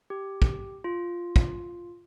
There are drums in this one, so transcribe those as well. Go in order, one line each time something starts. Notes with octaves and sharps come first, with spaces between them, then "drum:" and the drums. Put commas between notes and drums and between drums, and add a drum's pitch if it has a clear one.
G4
drum: kick
F4
drum: kick